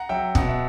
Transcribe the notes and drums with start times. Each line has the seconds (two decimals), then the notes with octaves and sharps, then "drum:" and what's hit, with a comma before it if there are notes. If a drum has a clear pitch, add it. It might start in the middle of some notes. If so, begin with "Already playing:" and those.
Already playing: F#5 A#5
0.09 F#3 E5 G5
0.35 B2 F#5, drum: kick
0.48 E5